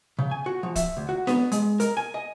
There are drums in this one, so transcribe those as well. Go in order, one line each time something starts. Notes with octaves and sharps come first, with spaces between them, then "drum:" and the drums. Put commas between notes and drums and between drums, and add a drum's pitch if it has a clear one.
C#3
G#5
F#4
F3
E5, drum: kick, hi-hat
D2
F#4
B3, drum: snare D4
G#3, drum: hi-hat
A#4, drum: hi-hat
G#5
D#5